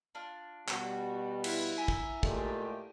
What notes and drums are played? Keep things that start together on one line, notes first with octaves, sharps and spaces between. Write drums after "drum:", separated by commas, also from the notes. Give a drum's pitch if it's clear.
D4 F4
B2 G3 F#4, drum: clap
E4 F4 B4 F#5, drum: cymbal
E5 G#5 A#5
drum: kick
A#2 G#3 A3 G4, drum: kick